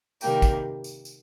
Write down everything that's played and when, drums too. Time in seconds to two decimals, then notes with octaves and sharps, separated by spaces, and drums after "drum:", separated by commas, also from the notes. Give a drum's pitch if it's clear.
0.21 C3 D#3 G3 A#3 G5, drum: tambourine
0.42 drum: kick, tambourine
0.84 drum: tambourine
1.05 drum: tambourine